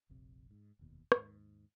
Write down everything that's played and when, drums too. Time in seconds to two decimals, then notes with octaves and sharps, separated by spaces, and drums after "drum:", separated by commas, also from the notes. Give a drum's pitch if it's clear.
0.09 F1 A#1 C3
0.51 G#2
0.79 F1 D#2 B2
1.12 D#2 G#2, drum: rim click